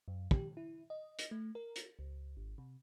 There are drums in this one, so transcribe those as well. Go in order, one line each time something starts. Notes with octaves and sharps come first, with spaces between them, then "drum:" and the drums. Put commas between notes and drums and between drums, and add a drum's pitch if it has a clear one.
F#2
G4, drum: kick
E4
D#5
drum: hi-hat
A3
A#4
drum: hi-hat
C#2
G#1
C3